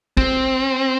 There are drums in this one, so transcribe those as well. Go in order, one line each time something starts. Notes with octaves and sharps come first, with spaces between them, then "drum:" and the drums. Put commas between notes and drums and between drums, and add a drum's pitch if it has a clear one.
C4, drum: kick